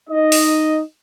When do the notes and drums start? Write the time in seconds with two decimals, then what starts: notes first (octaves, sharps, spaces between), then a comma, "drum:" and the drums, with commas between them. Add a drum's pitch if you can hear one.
0.10 D#4 D#5
0.32 drum: open hi-hat